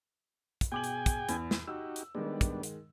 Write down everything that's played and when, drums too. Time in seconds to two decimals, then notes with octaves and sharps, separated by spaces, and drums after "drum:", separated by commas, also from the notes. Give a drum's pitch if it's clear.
0.61 drum: kick, hi-hat
0.72 B2 G#4 G5 G#5 D6 F#7
0.84 drum: hi-hat
1.06 drum: kick, hi-hat
1.29 E2, drum: hi-hat
1.51 drum: snare
1.68 D#4 F#4 G4 E6
1.96 drum: hi-hat
2.15 D#3 G3 G#3 B3 D4
2.41 drum: kick, hi-hat
2.63 drum: hi-hat